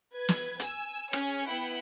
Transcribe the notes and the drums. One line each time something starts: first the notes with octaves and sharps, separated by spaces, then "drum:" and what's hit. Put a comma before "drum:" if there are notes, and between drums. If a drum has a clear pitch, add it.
B4 G#6
drum: snare
G#5 E6, drum: hi-hat
C#4 G#4 C#5 G#5, drum: rim click
B3 E4 F#5 G5 B5